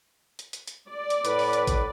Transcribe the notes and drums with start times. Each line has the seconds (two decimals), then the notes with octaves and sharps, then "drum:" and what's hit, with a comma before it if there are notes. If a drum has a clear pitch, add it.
0.39 drum: hi-hat
0.53 drum: hi-hat
0.67 drum: hi-hat
0.88 D5
1.10 drum: hi-hat
1.25 A2 B4, drum: hi-hat
1.39 drum: open hi-hat
1.53 drum: hi-hat
1.67 drum: kick, hi-hat